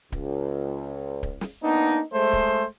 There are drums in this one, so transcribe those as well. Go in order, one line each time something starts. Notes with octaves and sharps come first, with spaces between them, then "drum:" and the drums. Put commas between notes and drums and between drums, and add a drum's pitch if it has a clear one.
C#2, drum: kick D1
drum: kick D1
drum: snare
A#3 B3 D4 D#4
G#3 A3 C5
drum: kick D1